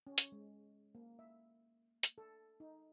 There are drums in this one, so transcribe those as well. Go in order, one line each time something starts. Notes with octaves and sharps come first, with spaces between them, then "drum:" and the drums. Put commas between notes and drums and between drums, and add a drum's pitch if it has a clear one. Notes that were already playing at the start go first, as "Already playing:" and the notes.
C#4
drum: hi-hat
G#3
A#3
E5
drum: hi-hat
A4
D#4